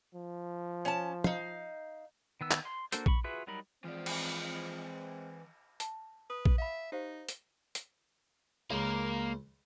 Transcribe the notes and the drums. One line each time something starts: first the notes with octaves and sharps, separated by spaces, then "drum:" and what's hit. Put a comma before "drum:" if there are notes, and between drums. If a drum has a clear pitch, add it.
F3
C#4 A5
D#4 F5, drum: tom
D#3 B3 E6
drum: clap
C6
A#3 D4 F#4 A4 C5, drum: hi-hat
B5 C#6, drum: kick A#1
F4 F#4 G#4 B4 E5
F#3 G3 D#4 A#4 B5
E3 F3 G#3 C4 D5
drum: cymbal
A5, drum: hi-hat
B4 D#6
drum: kick A#1
E5 F5 B5
D#4 G4 C5 F5
drum: hi-hat
drum: hi-hat
C#2 A#3 A#4